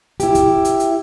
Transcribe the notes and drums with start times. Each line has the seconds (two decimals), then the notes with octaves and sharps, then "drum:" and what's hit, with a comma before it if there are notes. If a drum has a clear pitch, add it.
0.20 E4 G4, drum: hi-hat
0.35 drum: kick, hi-hat
0.65 drum: hi-hat
0.80 drum: hi-hat